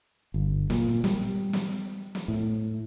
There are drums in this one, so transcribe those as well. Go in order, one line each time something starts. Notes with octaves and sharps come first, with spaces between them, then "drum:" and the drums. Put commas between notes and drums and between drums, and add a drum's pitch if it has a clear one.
G1
A#2, drum: snare
G3, drum: snare
drum: snare
drum: snare
A2